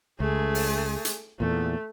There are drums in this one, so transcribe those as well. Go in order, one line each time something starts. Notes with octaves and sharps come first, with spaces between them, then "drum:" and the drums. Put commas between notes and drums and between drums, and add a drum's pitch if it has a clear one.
C#2 A3 G#4
drum: open hi-hat
drum: hi-hat
E2 A#2 A3